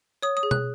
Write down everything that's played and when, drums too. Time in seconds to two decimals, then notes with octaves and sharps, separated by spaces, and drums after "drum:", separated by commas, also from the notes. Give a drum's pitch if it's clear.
0.23 C#5 D#6
0.37 D#6
0.43 G#4
0.51 F#6, drum: tom B2